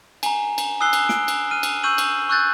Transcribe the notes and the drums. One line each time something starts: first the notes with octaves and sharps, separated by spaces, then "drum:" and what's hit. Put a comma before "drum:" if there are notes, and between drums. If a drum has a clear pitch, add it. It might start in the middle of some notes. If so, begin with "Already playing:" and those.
G#5 A#5, drum: cymbal
drum: cymbal
G#5 D#6 E6 F#6 C7 G7
drum: cymbal
D7, drum: snare
drum: cymbal
F6 D#7
drum: cymbal
C#6 E6 G6 D#7 F#7
drum: cymbal
C#6 E6 F#6 G6 A6